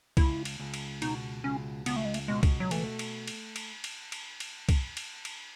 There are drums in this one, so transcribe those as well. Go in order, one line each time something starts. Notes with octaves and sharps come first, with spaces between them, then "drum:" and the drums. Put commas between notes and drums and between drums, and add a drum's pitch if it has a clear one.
C#2 E4, drum: kick, cymbal
drum: cymbal
C#2
drum: cymbal
B2 D#4, drum: cymbal
C#2 C#4
C#2 B3, drum: cymbal
A3
G#3
A3, drum: cymbal
B2 G#3
drum: kick, cymbal
F#3
E3 A3, drum: cymbal
drum: cymbal
drum: cymbal
drum: cymbal
drum: cymbal
drum: cymbal
drum: cymbal
drum: kick, cymbal
drum: cymbal
drum: cymbal